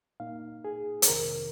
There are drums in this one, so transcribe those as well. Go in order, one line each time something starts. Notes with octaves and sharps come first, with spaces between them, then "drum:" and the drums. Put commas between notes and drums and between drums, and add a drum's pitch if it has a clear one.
A#2 A#3 D#4 F5
G#4
C5, drum: hi-hat
F2 C3 D#3 A#4